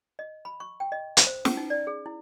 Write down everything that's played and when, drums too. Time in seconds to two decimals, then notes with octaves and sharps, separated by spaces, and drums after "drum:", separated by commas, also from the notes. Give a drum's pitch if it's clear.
0.19 D#5
0.45 B5
0.60 C#6
0.80 G5
0.92 D#5
1.17 drum: hi-hat
1.27 C5
1.45 C#4, drum: snare
1.57 D#4
1.70 D5
1.87 G#4
2.06 E4